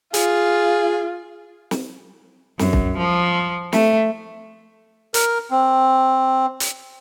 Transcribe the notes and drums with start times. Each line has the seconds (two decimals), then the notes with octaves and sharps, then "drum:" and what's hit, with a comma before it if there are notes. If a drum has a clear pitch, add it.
0.14 F4 G#4, drum: hi-hat
1.71 drum: snare
2.59 F#2, drum: snare
2.73 drum: kick C2
2.98 F3
3.73 A3, drum: snare
5.14 A#4, drum: hi-hat
5.51 C4
6.60 drum: hi-hat